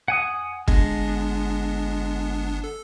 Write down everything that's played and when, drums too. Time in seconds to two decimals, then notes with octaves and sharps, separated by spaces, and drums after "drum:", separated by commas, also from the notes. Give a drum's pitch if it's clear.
0.08 F#5 G#5 D#6
0.68 G1 G#3 B3 D4, drum: kick
2.64 A4